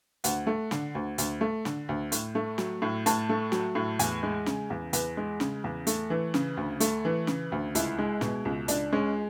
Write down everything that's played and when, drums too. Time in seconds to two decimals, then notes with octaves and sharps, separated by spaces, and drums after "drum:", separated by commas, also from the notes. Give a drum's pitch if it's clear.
0.24 D2 F#5, drum: hi-hat
0.47 A3
0.71 D3, drum: snare
0.95 D2
1.18 D2, drum: hi-hat
1.41 A3
1.65 D3, drum: snare
1.89 D2
2.12 A2, drum: hi-hat
2.35 A3
2.58 F#3, drum: snare
2.82 A2
3.06 A2 A5, drum: hi-hat
3.29 A3
3.52 F#3, drum: snare
3.75 A2
3.99 E2 G#5, drum: hi-hat
4.23 G#3
4.46 C#3, drum: snare
4.70 E2
4.93 E2 B4, drum: hi-hat
5.17 G#3
5.40 C#3, drum: snare
5.64 E2
5.87 A3, drum: hi-hat
6.10 E3
6.34 C#3, drum: snare
6.57 D2
6.80 A3, drum: hi-hat
7.05 E3
7.27 C#3, drum: snare
7.52 D2
7.75 C#2 E4, drum: hi-hat
7.98 G#3
8.21 B2, drum: snare
8.45 C#2
8.68 C#2 D4, drum: hi-hat
8.93 G#3 C#4